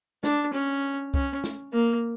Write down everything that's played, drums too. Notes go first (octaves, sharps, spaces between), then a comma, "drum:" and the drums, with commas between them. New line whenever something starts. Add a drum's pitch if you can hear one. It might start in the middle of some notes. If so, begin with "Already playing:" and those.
D4, drum: snare
C#4
C#4, drum: kick
drum: snare
A#3